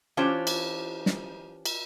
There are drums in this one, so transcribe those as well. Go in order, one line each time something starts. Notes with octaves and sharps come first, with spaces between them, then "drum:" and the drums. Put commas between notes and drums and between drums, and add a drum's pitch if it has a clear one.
E3 C#4 D4 F4 G4 C5
drum: cymbal
drum: snare
drum: cymbal